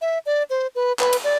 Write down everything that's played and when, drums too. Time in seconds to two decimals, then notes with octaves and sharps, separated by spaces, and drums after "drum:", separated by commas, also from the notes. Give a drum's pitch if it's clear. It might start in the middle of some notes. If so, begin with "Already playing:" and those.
0.01 E5
0.26 D5
0.50 C5
0.75 B4
0.99 B4, drum: clap
1.13 drum: cymbal
1.24 D5